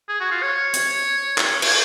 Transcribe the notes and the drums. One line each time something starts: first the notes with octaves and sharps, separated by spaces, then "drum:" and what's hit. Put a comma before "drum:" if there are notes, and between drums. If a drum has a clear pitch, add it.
G#4
F#4
F4
C#5
drum: hi-hat
drum: clap
drum: cymbal